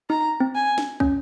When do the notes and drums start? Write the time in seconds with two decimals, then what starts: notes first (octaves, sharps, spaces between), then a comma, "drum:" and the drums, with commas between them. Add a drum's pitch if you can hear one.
0.10 D#4 A#5
0.40 C4
0.55 G#5
0.78 drum: snare
1.00 C#4, drum: kick